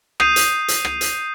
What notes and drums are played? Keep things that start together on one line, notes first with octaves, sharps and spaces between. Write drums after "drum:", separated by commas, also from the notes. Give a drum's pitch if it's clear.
D#6 G6 C7 D#7, drum: rim click
drum: hi-hat
drum: hi-hat
drum: rim click
drum: hi-hat